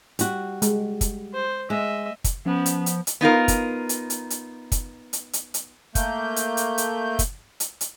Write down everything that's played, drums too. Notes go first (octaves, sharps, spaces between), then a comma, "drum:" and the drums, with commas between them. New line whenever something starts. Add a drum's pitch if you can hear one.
G3 F#4, drum: hi-hat
G#3, drum: hi-hat
drum: kick, hi-hat
C5
G#3 D#5 E5
drum: kick, hi-hat
F3 B3 C#4
drum: hi-hat
drum: hi-hat
drum: hi-hat
B3 D#4 F4 A#4
drum: kick, hi-hat
drum: hi-hat
drum: hi-hat
drum: hi-hat
drum: kick, hi-hat
drum: hi-hat
drum: hi-hat
drum: hi-hat
A3 A#3 G6, drum: kick, hi-hat
drum: hi-hat
drum: hi-hat
drum: hi-hat
drum: kick, hi-hat
drum: hi-hat
drum: hi-hat